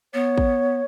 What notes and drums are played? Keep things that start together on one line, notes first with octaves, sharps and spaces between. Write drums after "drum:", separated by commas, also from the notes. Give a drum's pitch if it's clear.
B3 C#5
drum: kick